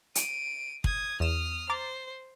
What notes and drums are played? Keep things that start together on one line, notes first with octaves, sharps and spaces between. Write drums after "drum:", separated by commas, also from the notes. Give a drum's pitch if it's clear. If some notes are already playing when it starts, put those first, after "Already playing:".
D7 D#7, drum: hi-hat
D#6 G#6, drum: kick
E2 D#6 F6 E7
C5 A#5 D6 A6